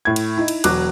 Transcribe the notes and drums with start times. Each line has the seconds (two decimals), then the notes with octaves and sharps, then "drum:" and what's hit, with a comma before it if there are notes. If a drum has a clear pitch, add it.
0.05 A2 G#6
0.16 drum: cymbal
0.37 D#4 E4
0.48 drum: cymbal
0.64 E1 F#3 D6 F#6, drum: cymbal